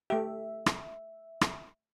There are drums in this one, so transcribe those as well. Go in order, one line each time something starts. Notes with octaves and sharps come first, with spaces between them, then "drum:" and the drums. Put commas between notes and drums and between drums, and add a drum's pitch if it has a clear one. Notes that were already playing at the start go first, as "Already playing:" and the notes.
A3 G4 E5
drum: rim click
drum: rim click